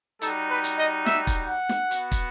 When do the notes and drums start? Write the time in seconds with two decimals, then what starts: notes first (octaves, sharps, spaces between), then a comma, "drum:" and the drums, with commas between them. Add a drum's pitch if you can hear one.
0.22 G3 D#4 F#4 A4, drum: hi-hat
0.50 B4
0.64 drum: hi-hat
0.79 D#5
1.06 E5, drum: snare
1.27 drum: kick, hi-hat
1.49 F#5
1.69 drum: snare
1.91 B3 F#4, drum: hi-hat
2.12 drum: kick, hi-hat